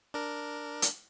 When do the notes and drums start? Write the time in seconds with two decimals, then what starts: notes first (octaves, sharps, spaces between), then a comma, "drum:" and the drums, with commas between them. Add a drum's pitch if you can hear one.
0.14 D4 A#4
0.82 drum: hi-hat